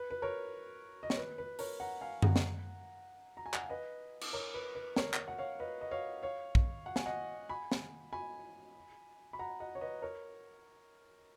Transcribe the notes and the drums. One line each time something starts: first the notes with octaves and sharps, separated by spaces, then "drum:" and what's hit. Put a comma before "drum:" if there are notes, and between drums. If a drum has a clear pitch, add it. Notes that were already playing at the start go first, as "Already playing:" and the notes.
Already playing: B4
B4
A#4 C#5
D#5
C#5, drum: snare
B4
B4
A#4 C#5, drum: open hi-hat
F#5 A#5
F5 G#5
F#5 A#5, drum: tom F#2
drum: snare
A#5
G#5
F#5, drum: clap
F5
B4 D#5
drum: cymbal
A#4 C#5
B4
B4
A#4 C#5, drum: snare
drum: clap
F#5
C#5 F5
B4 D#5
D#5
C#5 F5
C#5 F5
drum: kick
F#5
G#5, drum: snare
D#5 F#5
G#5 B5
drum: snare
G#5 B5
B5
F#5 A#5
D#5 F#5
C#5
B4 D#5
A#4 C#5